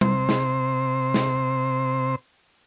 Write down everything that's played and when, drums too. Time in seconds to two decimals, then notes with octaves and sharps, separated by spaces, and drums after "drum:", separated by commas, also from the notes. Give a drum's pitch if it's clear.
0.01 C3 C5, drum: tom G3
0.29 drum: snare
1.14 drum: snare